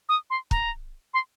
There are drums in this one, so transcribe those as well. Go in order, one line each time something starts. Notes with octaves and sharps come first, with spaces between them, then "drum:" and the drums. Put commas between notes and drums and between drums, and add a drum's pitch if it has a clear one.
D#6
C6
A#5, drum: kick
C6